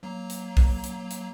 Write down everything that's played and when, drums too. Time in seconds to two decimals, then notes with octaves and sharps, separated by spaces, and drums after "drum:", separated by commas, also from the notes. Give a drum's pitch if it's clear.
0.03 F#3 A#3 A#5
0.30 drum: hi-hat
0.57 drum: kick, open hi-hat
0.84 drum: hi-hat
1.11 drum: hi-hat